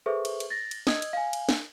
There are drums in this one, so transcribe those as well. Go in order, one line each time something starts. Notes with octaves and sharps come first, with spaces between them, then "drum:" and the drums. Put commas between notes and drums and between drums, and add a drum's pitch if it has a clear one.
G#4 A4 B4 C5 E5 C#6
drum: cymbal
drum: cymbal
A6 A#6
drum: cymbal
D#5 D#6 E6 G#6, drum: snare
drum: cymbal
F5 G#5
drum: cymbal
drum: snare